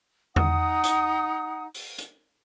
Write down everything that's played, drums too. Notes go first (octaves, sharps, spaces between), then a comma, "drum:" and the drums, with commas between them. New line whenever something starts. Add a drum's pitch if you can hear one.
D#4 F#5 D#6, drum: tom E2
drum: hi-hat
drum: open hi-hat
drum: hi-hat